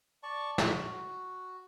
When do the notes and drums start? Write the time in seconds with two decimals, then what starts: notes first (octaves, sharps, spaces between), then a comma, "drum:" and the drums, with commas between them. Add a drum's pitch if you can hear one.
0.23 D5 A5 C#6
0.58 F#4, drum: snare